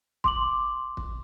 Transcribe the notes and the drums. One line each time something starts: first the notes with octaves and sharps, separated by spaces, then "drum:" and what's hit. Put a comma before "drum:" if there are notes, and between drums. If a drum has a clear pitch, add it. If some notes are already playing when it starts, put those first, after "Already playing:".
C6 D6 F#7, drum: kick
drum: kick